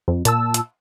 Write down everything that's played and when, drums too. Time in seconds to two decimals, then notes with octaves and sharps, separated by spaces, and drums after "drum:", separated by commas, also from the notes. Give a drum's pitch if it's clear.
0.08 F2
0.25 A#2 A5 E6, drum: hi-hat
0.54 drum: hi-hat